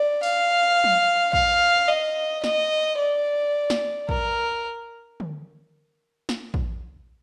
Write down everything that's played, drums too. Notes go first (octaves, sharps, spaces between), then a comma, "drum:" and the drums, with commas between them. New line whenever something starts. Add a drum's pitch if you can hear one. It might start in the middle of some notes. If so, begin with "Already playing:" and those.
Already playing: D5
F5, drum: open hi-hat
drum: tom F3
F5, drum: kick A#1
D#5
D#5, drum: snare
D5
drum: snare
A#4, drum: kick A#1
drum: tom D3
drum: snare
drum: kick A#1